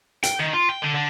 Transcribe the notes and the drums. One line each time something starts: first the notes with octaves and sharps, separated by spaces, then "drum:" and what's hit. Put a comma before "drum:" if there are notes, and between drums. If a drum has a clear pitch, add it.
G5, drum: hi-hat
D#3
F4
G5
D3
D3